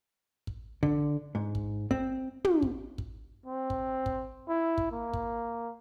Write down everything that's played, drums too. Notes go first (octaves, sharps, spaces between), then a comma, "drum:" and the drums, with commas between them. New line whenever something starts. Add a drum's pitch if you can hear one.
drum: kick
D3, drum: kick
G#2
drum: kick
C4, drum: kick
drum: tom
drum: kick
drum: kick
C4
drum: kick
drum: kick
E4
drum: kick
A#3
drum: kick